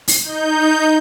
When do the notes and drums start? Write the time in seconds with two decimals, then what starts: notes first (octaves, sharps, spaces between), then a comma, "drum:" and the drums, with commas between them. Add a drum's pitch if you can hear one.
0.08 drum: open hi-hat
0.24 D#4 G6